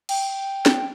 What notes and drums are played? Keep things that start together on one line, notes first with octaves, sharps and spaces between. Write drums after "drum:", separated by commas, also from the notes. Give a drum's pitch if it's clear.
G5, drum: cymbal
drum: snare